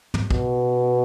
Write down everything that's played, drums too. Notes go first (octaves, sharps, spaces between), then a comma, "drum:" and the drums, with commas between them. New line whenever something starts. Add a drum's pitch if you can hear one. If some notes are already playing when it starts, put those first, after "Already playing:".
drum: tom
B2, drum: kick